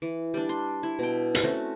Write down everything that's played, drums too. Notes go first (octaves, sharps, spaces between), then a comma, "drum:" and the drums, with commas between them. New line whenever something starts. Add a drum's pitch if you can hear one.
E3
G3 D4
C6
E4
B2 G5
drum: hi-hat
A3 C4 C#4 F#4